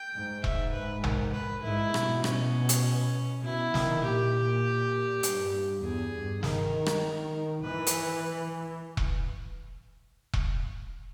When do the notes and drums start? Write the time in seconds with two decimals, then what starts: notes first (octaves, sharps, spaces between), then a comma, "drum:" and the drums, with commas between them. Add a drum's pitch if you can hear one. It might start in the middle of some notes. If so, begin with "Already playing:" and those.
Already playing: G5
0.14 G#2
0.44 E5, drum: kick E1
0.73 B4
1.04 A#4, drum: tom
1.33 B4
1.63 G#2 E4
1.94 B2, drum: rim click
2.24 C#4, drum: rim click
2.69 drum: hi-hat
3.43 B2 E4
3.74 D#3, drum: snare
4.04 A#2 G4
5.23 G2, drum: hi-hat
5.83 E2 G#4
6.13 G2
6.43 D#3 A#4, drum: snare
6.86 drum: rim click
7.62 E3 B4
7.87 drum: hi-hat
8.97 drum: kick E1
10.33 drum: kick E1